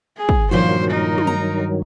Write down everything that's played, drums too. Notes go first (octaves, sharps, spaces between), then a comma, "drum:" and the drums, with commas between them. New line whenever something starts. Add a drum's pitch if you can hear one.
G#4
drum: kick
G2 A#2 D#3 F3 F#3 F#4 C5
D#4 A#4
drum: tom
A#5